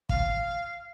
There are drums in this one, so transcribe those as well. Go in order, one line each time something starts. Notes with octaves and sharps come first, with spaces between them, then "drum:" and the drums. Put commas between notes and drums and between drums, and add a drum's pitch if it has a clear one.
F5, drum: kick